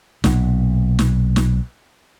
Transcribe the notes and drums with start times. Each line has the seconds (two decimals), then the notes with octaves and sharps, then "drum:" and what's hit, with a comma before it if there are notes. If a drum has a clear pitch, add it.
0.24 B1 A#2, drum: snare
0.99 drum: snare
1.36 drum: snare